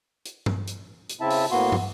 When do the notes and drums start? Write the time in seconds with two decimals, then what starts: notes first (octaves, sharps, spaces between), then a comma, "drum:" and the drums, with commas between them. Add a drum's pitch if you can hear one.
0.25 drum: hi-hat
0.46 drum: tom
0.67 drum: hi-hat
1.09 drum: hi-hat
1.21 C#3 C4 E4 E5 A5
1.30 drum: open hi-hat
1.51 A2 A#3 B3 F#4 C6
1.72 drum: tom